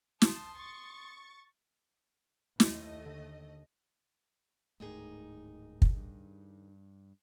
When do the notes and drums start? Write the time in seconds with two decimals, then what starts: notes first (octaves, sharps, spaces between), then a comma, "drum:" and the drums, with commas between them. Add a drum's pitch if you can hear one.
0.22 A5 C6 D#6, drum: snare
0.56 C#6 A6
2.60 D#2 A3 E4 D#5, drum: snare
3.06 D3
4.80 D1 D#2 G#2 A3 D#4 G#4
5.82 drum: kick
5.96 G2